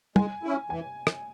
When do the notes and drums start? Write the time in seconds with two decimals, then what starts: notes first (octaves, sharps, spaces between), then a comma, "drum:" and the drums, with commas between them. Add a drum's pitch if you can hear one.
0.16 G#3 G#5, drum: tom
0.43 C#4 E4
0.70 E3 G#5
1.07 drum: rim click